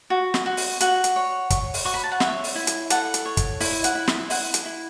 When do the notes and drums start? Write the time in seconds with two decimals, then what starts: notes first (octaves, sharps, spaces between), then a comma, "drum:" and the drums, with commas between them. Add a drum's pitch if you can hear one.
0.10 F#4
0.34 drum: snare
0.46 F#4
0.57 drum: open hi-hat
0.80 F#4 F#5, drum: hi-hat
1.04 drum: hi-hat
1.16 C#5
1.50 C#5, drum: kick, hi-hat
1.74 drum: open hi-hat
1.85 F#4 C#6
1.94 B5
2.03 A5
2.12 F#5
2.20 C#5 E5, drum: snare
2.44 drum: open hi-hat
2.55 E4
2.67 drum: hi-hat
2.90 A4 F#5, drum: hi-hat
3.14 drum: hi-hat
3.25 C#5
3.37 drum: kick, hi-hat
3.60 E4 E5, drum: open hi-hat
3.84 F#5, drum: hi-hat
3.95 E4
4.07 E5, drum: snare
4.30 E4 F#5, drum: open hi-hat
4.54 drum: hi-hat
4.65 E4